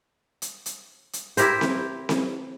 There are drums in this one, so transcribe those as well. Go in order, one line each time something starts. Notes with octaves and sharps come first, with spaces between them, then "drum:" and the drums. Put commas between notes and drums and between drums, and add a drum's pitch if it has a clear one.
drum: hi-hat
drum: hi-hat
drum: hi-hat
E4 G4 A#4 C5, drum: hi-hat
drum: snare C4
drum: snare C4